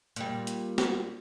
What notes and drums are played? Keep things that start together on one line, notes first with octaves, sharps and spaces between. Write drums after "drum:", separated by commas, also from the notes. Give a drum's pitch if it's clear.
A#2 G3, drum: hi-hat
drum: hi-hat
drum: snare